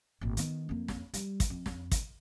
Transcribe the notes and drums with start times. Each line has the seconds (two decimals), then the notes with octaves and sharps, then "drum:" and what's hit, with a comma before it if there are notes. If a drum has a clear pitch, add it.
0.21 G#1 A#2
0.37 D#3 B3, drum: hi-hat
0.69 F2 A#3
0.88 drum: snare
1.14 G3, drum: hi-hat
1.40 drum: kick, hi-hat
1.50 F2
1.66 drum: snare
1.92 drum: kick, hi-hat